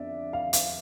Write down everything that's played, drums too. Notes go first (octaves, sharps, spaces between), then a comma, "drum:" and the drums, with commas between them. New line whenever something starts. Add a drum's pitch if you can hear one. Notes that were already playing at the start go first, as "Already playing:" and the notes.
Already playing: F2 B3 D4 D5 E5
F5
F5, drum: hi-hat